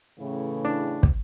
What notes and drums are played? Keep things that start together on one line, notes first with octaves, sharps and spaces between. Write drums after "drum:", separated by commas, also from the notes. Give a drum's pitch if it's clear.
A2 C#3 E3
D4
drum: kick